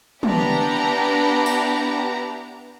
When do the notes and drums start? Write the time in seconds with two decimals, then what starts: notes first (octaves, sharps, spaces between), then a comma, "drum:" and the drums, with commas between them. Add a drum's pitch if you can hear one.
0.23 B3 D4 E4 G4 A#5, drum: tom
1.46 drum: tambourine